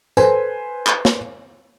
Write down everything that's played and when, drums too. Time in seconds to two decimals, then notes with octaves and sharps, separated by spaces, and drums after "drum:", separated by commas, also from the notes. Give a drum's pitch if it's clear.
0.17 A4 B4 C5 G#5, drum: tambourine
0.87 drum: clap
1.05 drum: snare